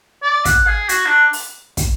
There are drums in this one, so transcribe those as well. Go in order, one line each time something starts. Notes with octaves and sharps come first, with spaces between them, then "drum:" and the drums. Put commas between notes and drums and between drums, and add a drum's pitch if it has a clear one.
D5
F#5, drum: kick, hi-hat
G#4
F#4, drum: hi-hat
D4
drum: open hi-hat
drum: kick, hi-hat